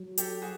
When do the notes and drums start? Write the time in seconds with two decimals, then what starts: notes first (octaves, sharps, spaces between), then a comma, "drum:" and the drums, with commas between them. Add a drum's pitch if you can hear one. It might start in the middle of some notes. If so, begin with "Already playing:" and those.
Already playing: F#3
0.18 G4 A4, drum: hi-hat
0.42 F#4 G#4